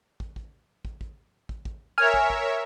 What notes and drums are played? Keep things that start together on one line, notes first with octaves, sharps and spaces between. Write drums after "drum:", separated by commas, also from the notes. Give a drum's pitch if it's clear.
drum: kick
drum: kick
drum: kick
drum: kick
drum: kick
drum: kick
A#4 C#5 E5 G#5 F6
drum: kick
drum: kick